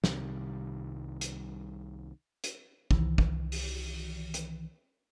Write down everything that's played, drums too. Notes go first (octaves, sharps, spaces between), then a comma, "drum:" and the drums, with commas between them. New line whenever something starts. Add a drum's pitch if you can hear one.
C2 C3 D#3 G3, drum: snare
drum: hi-hat
drum: hi-hat
C2 D#3 E3, drum: kick
drum: kick
drum: open hi-hat
drum: hi-hat